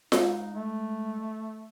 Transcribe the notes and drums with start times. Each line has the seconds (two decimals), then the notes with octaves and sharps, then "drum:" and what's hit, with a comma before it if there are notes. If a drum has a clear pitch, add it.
0.12 G#3 D#4, drum: snare F4
0.54 A3